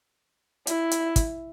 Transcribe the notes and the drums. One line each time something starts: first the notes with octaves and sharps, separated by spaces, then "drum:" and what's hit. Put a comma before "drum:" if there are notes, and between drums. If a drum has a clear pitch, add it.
E4, drum: hi-hat
drum: hi-hat
drum: kick, hi-hat